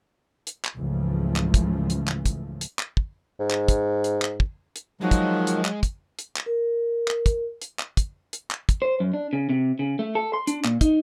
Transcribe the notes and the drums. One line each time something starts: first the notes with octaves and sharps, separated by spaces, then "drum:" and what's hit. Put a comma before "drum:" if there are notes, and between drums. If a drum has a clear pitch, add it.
drum: hi-hat
drum: clap
C#2 G#2 C#3 E3 F3 A3
drum: clap
drum: kick, hi-hat
drum: hi-hat
drum: clap
drum: kick, hi-hat
drum: hi-hat
drum: clap
drum: kick
G#2
drum: clap
drum: kick, hi-hat
drum: hi-hat
drum: clap
drum: kick
drum: hi-hat
D#3 F3 F#3 G#3
drum: kick, hi-hat
drum: hi-hat
drum: clap
drum: kick, hi-hat
drum: hi-hat
drum: clap
A#4
drum: clap
drum: kick, hi-hat
drum: hi-hat
drum: clap
drum: kick, hi-hat
drum: hi-hat
drum: clap
drum: kick, hi-hat
C5
F#2
D4
C#3
C3
C#3
A3
A4
C6
D4, drum: hi-hat
A#2, drum: clap
D#4, drum: kick, hi-hat